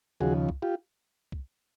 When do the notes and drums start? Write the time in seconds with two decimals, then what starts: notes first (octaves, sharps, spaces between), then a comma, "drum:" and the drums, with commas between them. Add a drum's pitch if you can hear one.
0.20 D#2 C#3 F3 F#4 G#4
0.49 drum: kick
0.62 F4 G4
1.32 drum: kick